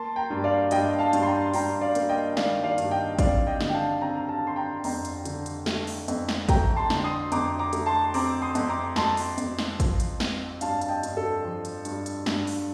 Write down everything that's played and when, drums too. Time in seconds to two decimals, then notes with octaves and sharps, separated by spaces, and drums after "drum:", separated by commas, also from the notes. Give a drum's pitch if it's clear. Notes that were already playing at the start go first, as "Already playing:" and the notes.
Already playing: A#3 A5 C6
0.16 G5 A#5
0.30 G2
0.44 D5 F5
0.71 G2 D#5 G5, drum: hi-hat
0.99 F5 A5
1.13 G2, drum: hi-hat
1.22 C6
1.26 G5 A#5
1.54 G2 G5 A#5, drum: open hi-hat
1.81 D5 F5
1.95 A#3, drum: hi-hat
2.09 D#5 G5
2.37 D#3 D5 F5, drum: snare
2.64 D5 F5
2.78 G2, drum: hi-hat
2.91 D#5 G5
3.19 C4 D5 F5, drum: kick A1, hi-hat
3.47 D#5 G5
3.61 D3, drum: snare
3.70 G5
3.74 F5 A5
4.01 C4 G5 A#5
4.17 A#5
4.29 F5 A5
4.43 C4 C6
4.56 G5 A#5
4.84 F2 G5 A#5, drum: open hi-hat
5.05 drum: hi-hat
5.25 D3, drum: hi-hat
5.46 drum: hi-hat
5.66 A3, drum: snare
5.87 drum: open hi-hat
6.08 F2, drum: hi-hat
6.29 drum: snare
6.49 A3 G5 A#5, drum: kick A1, hi-hat
6.76 A5 C6
6.90 D3, drum: snare
7.04 C6 D#6
7.32 F2 A#5 D6, drum: hi-hat
7.59 A#5 D6
7.73 A3, drum: hi-hat
7.86 A5 C6
8.14 C4 A#5 D6, drum: open hi-hat
8.42 C6 D#6
8.55 F2, drum: hi-hat
8.69 A#5 D6
8.96 F2 A5 C6, drum: snare
9.17 drum: open hi-hat
9.38 F2, drum: hi-hat
9.59 drum: snare
9.80 F3, drum: kick A1, hi-hat
10.00 drum: hi-hat
10.20 C4, drum: snare
10.61 G2 F5 A5, drum: hi-hat
10.81 A5, drum: hi-hat
10.89 D#5 G5
11.03 G2, drum: hi-hat
11.17 A4
11.44 F3
11.65 drum: hi-hat
11.85 G2, drum: hi-hat
12.06 drum: hi-hat
12.26 G2, drum: snare
12.47 drum: open hi-hat